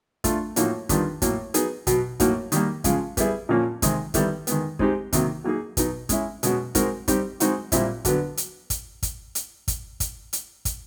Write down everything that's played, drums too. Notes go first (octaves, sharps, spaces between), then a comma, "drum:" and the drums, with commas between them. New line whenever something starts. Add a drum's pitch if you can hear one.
A3 D4 F4, drum: kick, hi-hat
A2 F3 A#3 D#4 F#4, drum: hi-hat
D#3 G3 B3 D4 F4, drum: kick, hi-hat
A2 F#3 A#3, drum: kick, hi-hat
F#3 B3 D#4 G#4, drum: hi-hat
B2 F#3 B3, drum: kick, hi-hat
A2 F#3 A#3 D#4 F#4, drum: kick, hi-hat
D#3 G3 A#3, drum: hi-hat
C#3 F3 G#3, drum: kick, hi-hat
G3 B3 E4 G#4, drum: kick, hi-hat
A#2 F3 A#3 C#4
C3 D#3 G#3 C4, drum: kick, hi-hat
D#3 G3 B3 E4 A4, drum: kick, hi-hat
D#3 G#3 B3, drum: hi-hat
G#3 C4 D#4 G4, drum: kick
C3 D#3 F#3 A#3, drum: kick, hi-hat
F#3 A#3 D#4 G#4
B2 F#3 B3 D#4, drum: kick, hi-hat
G#3 C#4 E4, drum: kick, hi-hat
B2 G#3 C#4 F#4, drum: hi-hat
G#3 C4 D#4 F#4 A#4, drum: kick, hi-hat
G3 C4 D#4 G4, drum: kick, hi-hat
G#3 C4 D#4 F#4, drum: hi-hat
A#2 G3 C4 E4, drum: kick, hi-hat
D3 F#3 B3, drum: kick, hi-hat
drum: hi-hat
drum: kick, hi-hat
drum: kick, hi-hat
drum: hi-hat
drum: kick, hi-hat
drum: kick, hi-hat
drum: hi-hat
drum: kick, hi-hat